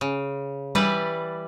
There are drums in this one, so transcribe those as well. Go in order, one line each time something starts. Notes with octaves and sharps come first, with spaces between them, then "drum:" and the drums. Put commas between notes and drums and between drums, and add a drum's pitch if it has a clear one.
C#3
E3 G3 B4 D5, drum: tom G3